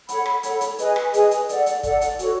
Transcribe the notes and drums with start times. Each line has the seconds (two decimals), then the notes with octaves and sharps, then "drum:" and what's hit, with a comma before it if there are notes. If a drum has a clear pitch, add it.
0.09 A4 C#5 F#5 B5, drum: hi-hat
0.26 drum: rim click
0.43 A4 C#5 F#5 B5, drum: hi-hat
0.61 drum: hi-hat
0.79 G#4 B4 D#5 G#5, drum: hi-hat
0.96 drum: rim click
1.14 G#4 B4 D#5 G#5, drum: hi-hat
1.31 drum: hi-hat
1.49 A4 D5 F#5, drum: hi-hat
1.66 drum: hi-hat
1.83 A4 D5 F#5, drum: kick, hi-hat
2.01 drum: hi-hat
2.19 F#4 A4 C#5, drum: hi-hat